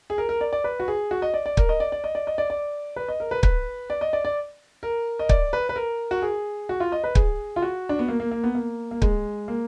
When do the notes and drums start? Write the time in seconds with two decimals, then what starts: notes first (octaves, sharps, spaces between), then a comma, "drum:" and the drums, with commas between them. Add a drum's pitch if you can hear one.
0.10 G#4
0.18 A#4
0.29 A#4
0.41 D5
0.53 D5
0.64 B4
0.80 F#4
0.88 G#4
1.11 F#4
1.22 D#5
1.34 D5
1.46 D5
1.57 A#4, drum: kick
1.69 D#5
1.80 D5
1.92 D5
2.04 D#5
2.15 D5
2.27 D#5
2.38 D5
2.50 D5
2.96 B4
3.08 D#5
3.20 A#4
3.31 B4
3.43 B4, drum: kick
3.90 D5
4.01 D#5
4.13 D5
4.25 D5
4.83 A#4
5.19 D#5
5.29 D5, drum: kick
5.53 B4
5.69 B4
5.76 A#4
6.11 F#4
6.22 G#4
6.69 F#4
6.80 F4
6.92 D#5
7.04 B4
7.15 G#4, drum: kick
7.56 F4
7.62 F#4
7.89 D4
7.99 B3
8.08 A#3
8.20 A#3
8.31 A#3
8.44 B3
8.55 A#3
8.91 A#3
9.02 G#3, drum: kick
9.48 A#3